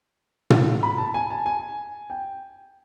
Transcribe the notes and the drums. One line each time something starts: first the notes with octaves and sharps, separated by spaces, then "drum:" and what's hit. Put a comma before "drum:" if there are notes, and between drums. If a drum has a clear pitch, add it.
drum: tom
B5
A5
G#5
A5
G#5
G5